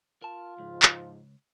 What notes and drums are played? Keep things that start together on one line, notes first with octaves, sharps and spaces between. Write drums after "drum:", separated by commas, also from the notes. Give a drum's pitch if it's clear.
F4 A#4 A5
C#2 G#2 F3
drum: clap